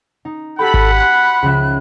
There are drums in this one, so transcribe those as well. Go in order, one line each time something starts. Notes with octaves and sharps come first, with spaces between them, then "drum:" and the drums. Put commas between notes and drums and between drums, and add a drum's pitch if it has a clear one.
D#4
F#4 G4 A4 F#5 G5 B5
drum: kick G#1
G#5 C6 F#6
C#2 F3 E5